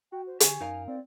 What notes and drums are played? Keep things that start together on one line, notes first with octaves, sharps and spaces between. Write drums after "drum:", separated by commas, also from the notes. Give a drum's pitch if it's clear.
F#4 G5
C5
D3 G4 G#5, drum: hi-hat
F#2 D#4 A#4 F5
C4 D5